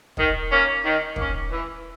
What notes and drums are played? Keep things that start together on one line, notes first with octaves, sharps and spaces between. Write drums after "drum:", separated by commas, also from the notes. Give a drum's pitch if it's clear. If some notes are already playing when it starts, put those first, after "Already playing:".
D#3, drum: kick
A#3 C#4
D#3
A#3 C#4, drum: kick
E3